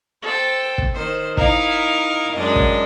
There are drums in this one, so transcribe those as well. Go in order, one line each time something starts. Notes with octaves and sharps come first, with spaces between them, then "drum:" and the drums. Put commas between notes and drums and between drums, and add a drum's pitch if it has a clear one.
A4 C5 G5
drum: kick
D#3 C5
D#4 E4 A#4 F5, drum: kick
F#2 G#3 D4 D#5
drum: kick